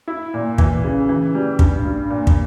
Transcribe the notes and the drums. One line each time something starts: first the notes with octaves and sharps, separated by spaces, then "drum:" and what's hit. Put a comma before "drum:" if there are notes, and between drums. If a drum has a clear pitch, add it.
E4
A#2
E3, drum: kick
C#3
E3
G3
G2, drum: kick
G2
A#2
drum: kick